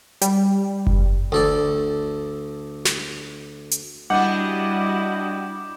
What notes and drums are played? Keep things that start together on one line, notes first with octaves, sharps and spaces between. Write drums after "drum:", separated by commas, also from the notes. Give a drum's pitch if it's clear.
G3, drum: hi-hat
drum: kick F#1
D2 A4 D5
drum: snare
drum: hi-hat
G3 D4 E4 F#4 D#5 F#5 D6 G6